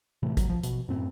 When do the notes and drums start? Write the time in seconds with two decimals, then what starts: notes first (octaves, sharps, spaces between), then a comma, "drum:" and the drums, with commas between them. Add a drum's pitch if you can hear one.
0.23 A2 C3 E3 A3
0.37 F#3, drum: kick, hi-hat
0.50 F3
0.63 B2, drum: hi-hat
0.88 F#2 A2 C4